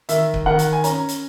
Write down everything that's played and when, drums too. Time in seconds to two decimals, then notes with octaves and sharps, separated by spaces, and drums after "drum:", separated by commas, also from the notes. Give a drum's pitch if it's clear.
0.09 D#3 E5, drum: hi-hat
0.34 drum: kick C#1
0.46 D#3 F#5
0.59 drum: hi-hat
0.73 G#5
0.84 C#4 A#5, drum: hi-hat
1.09 drum: hi-hat